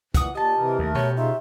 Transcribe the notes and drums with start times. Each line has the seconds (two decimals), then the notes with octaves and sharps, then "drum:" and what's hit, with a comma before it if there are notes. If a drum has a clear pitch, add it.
0.14 A#2 E3 F#5 D#6, drum: kick, hi-hat
0.35 A#2 G4 D#5 A5
0.57 C3 E3 A#4
0.79 D#2 A3 A#4
0.95 B2 G4 C#5 C#6
1.17 C#3 D#4 F4 E5